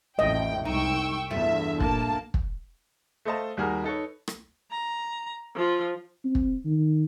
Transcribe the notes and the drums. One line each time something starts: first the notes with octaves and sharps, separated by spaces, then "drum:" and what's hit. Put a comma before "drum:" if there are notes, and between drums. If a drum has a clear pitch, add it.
A1 F2 A3 D#5 G5
C2 G#3 D#4 G5 C#6 E6
E2 G2 A3 F4 E5
A#1 A#3 A5, drum: kick
drum: kick
A3 A4 C5 D#5 F5 A5
D#2 G3 F#4 G#4 A#4 F6
D#4 A4 B4 C#5
drum: rim click
A#5
F3 F4
C4
drum: kick
D#3